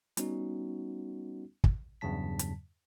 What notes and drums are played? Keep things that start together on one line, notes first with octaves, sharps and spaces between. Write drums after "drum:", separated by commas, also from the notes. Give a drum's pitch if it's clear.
G3 B3 C#4 D#4 F#4, drum: hi-hat
drum: kick
E2 G2 C#3 F#3 A5 B6
drum: hi-hat